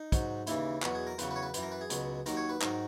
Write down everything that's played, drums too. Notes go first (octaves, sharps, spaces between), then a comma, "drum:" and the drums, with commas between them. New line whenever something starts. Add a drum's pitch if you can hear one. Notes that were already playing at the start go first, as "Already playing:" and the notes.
Already playing: D#4
G#2 F#3, drum: kick, hi-hat
D#2 C#3 E3 E4, drum: hi-hat
E2 B2 F#3 F#4, drum: clap
G#4
A#4
E2 C#3 F#3 B4, drum: hi-hat
B4
C#5
B4
F#2 E3 B4, drum: hi-hat
A#4
B4
G#4
C#2 B2 F#3, drum: hi-hat
D#2 D#3 F#3 A#4, drum: hi-hat
C#5
B4
G#2 D#3 F#3 A#4, drum: clap